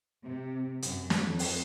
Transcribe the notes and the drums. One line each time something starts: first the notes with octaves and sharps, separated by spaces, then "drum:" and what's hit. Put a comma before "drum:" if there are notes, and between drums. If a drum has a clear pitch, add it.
C3
F#2, drum: hi-hat
drum: snare
F2
drum: open hi-hat